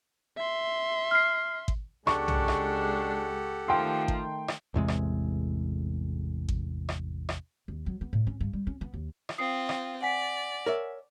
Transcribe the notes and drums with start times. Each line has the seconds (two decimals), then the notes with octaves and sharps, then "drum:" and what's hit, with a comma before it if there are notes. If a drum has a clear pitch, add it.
0.37 E5 C6
1.11 F6 C7
1.68 drum: kick G#1
2.07 C#2 G#3 D4 G4 A4 F#5 C#6, drum: rim click
2.28 drum: tom B1
2.48 drum: rim click
3.68 D#3 F3 A3 G5 C6
4.08 drum: kick G#1
4.48 drum: rim click
4.74 A1 E2 C3 G#3
4.88 drum: rim click
6.49 drum: kick G#1
6.89 drum: rim click
7.29 drum: rim click
7.68 D#2
7.86 F#3
8.01 B3
8.13 A2
8.27 C#4
8.40 G2
8.53 G3
8.67 C#4
8.81 B3
8.94 D#2
9.29 drum: rim click
9.38 C4 F4 D#6 C7
9.69 drum: rim click
10.02 D5 F#5 G#5 B6
10.66 A#4 C#5 E5